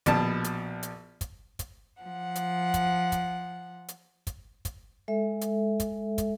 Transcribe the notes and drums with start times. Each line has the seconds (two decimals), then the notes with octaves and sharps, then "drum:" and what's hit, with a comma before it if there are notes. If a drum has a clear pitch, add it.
0.06 A#1 B2 A5, drum: kick, hi-hat
0.44 drum: hi-hat
0.83 drum: hi-hat
1.21 drum: kick, hi-hat
1.59 drum: kick, hi-hat
2.01 F3 F#5
2.36 drum: hi-hat
2.74 drum: kick, hi-hat
3.12 drum: kick, hi-hat
3.88 drum: hi-hat
4.27 drum: kick, hi-hat
4.65 drum: kick, hi-hat
5.08 G#3 A4 E5
5.41 drum: hi-hat
5.80 drum: kick, hi-hat
6.18 drum: kick, hi-hat